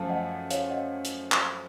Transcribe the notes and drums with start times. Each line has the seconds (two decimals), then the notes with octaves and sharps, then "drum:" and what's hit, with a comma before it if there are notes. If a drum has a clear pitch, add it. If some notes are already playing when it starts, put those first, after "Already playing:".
Already playing: F#2 F3 A3 F5 A5
0.09 D#5 F#5
0.51 C#5 F5, drum: hi-hat
0.70 D#5 F#5
1.05 drum: hi-hat
1.32 drum: clap